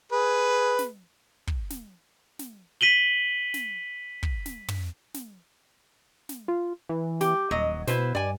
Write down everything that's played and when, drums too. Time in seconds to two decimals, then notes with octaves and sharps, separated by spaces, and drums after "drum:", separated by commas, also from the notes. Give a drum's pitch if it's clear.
0.12 G#4 B4
0.79 drum: snare
1.47 drum: kick
1.70 drum: snare
2.39 drum: snare
2.81 B6 D#7 F#7 G7
3.54 drum: snare
4.23 drum: kick
4.46 drum: snare
4.68 drum: tom
5.14 drum: snare
6.29 drum: snare
6.48 F4
6.89 E3
7.21 G4, drum: snare
7.51 D#1 F#3 D#5
7.87 B2 E4 B4 C5, drum: snare
8.15 G2 D5 G#5